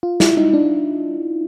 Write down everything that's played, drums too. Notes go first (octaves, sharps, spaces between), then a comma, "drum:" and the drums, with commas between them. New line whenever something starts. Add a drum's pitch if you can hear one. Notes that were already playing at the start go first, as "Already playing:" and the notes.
F4
E4, drum: snare
D#4
D4